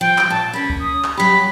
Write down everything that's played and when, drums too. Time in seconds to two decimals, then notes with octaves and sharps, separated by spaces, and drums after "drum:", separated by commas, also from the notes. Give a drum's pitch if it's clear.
0.01 F3 G5
0.18 drum: clap
0.30 A#2 A5
0.53 A#3 C#4 B5
0.70 drum: kick C2
0.80 D#6
1.04 drum: clap
1.17 F#3 G4 B5